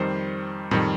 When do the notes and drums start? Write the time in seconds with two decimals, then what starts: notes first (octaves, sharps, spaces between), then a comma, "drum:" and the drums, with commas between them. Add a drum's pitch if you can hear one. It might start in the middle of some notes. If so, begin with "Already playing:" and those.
Already playing: F2 D#3 G3 C5
0.71 F2 D#3 G3, drum: tom A2